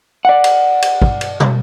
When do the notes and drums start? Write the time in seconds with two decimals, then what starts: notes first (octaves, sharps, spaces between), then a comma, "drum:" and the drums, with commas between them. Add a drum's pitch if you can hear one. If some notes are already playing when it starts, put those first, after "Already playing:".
0.25 D5 F#5
0.44 drum: cymbal
0.82 drum: cymbal
1.02 drum: kick
1.21 drum: cymbal
1.40 drum: tom